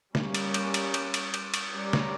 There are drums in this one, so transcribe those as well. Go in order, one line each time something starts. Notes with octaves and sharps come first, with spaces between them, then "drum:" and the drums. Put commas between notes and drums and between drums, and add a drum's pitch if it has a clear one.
G3 A#3 C#4, drum: snare
drum: cymbal
drum: cymbal
drum: cymbal
drum: cymbal
drum: cymbal
drum: cymbal
drum: cymbal
G3 C#4 G4 A#4 D5
drum: snare